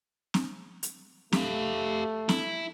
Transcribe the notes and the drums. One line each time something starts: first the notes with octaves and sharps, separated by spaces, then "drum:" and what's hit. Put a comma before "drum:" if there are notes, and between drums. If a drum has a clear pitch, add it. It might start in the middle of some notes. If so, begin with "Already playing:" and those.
drum: snare C4
drum: hi-hat
A3 G4 F5, drum: snare C4
E4, drum: snare C4